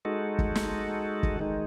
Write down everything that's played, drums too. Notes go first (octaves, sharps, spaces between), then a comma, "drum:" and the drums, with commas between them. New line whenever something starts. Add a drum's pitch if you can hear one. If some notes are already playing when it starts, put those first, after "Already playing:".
G#3 D#4 F#4 A4
drum: kick
drum: snare
drum: kick
D#3 G#3 D#4